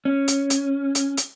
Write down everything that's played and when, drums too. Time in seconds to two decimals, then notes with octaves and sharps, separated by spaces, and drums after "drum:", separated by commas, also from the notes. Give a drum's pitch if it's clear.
0.05 C#4
0.28 drum: hi-hat
0.50 drum: hi-hat
0.95 drum: hi-hat
1.17 drum: hi-hat